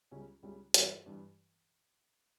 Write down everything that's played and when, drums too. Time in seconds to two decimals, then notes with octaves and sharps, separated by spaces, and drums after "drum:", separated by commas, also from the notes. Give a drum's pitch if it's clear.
0.11 C#2 C#3 G3 C#4
0.43 C#2 C#3 G3 C#4
0.74 G2 E3 G3, drum: hi-hat
1.06 G2 E3 G3